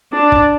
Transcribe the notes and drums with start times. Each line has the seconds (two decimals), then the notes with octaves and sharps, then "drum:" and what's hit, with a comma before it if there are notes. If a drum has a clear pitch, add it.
0.13 D4
0.32 drum: kick